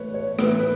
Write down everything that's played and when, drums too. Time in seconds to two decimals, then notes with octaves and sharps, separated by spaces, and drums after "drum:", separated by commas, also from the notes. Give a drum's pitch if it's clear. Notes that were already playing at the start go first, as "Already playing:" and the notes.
Already playing: A2 E3 B4 C#5
0.14 C#5
0.39 A2 E3 B4, drum: rim click
0.59 B4